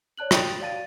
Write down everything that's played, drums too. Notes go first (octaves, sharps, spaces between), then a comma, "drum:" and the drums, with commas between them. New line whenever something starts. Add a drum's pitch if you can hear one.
C#5 D5 A5 F#6 F#7
G5 D#6 A6 D7 F7 F#7, drum: rim click
F#4 D5 F5 A5 A6 D#7